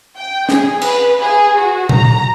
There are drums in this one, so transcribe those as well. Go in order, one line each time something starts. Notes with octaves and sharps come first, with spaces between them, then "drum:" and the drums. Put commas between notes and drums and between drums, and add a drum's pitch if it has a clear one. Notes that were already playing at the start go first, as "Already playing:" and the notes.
G5
G#4, drum: snare
B4, drum: cymbal
G#4
F#4
A#5, drum: tom A#2